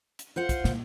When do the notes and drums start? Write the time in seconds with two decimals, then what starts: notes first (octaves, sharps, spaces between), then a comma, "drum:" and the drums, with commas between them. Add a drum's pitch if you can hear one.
0.19 drum: hi-hat
0.36 F4 C5 F#5
0.49 drum: kick, hi-hat
0.64 A#2, drum: snare